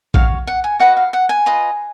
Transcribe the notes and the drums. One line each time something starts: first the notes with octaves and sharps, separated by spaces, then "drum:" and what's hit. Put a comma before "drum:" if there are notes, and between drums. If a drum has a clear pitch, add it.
F#4 C#5 F5, drum: kick A#1
F#5
G#5
F#4 B4 D#5 F#5
F5
F#5
G#5
F4 B4 D#5